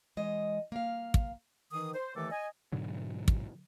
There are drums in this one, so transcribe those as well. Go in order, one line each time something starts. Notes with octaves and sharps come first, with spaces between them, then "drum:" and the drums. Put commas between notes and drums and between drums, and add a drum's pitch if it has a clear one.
E3 G#3 D#5
A#3 F5
drum: kick
D#3 E3 D#6
C5
D#2 D#3 E3 A3 A4 D6
D#5 G#5
G#2 B2 D3 F#3
drum: kick